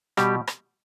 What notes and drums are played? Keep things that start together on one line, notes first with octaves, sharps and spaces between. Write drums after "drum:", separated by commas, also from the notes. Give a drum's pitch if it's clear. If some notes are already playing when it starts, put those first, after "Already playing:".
B2 G3 G4, drum: rim click
drum: rim click